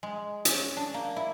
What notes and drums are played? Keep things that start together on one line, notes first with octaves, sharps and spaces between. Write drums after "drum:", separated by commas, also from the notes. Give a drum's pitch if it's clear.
G#3
C#4, drum: hi-hat
D4
A#3
E4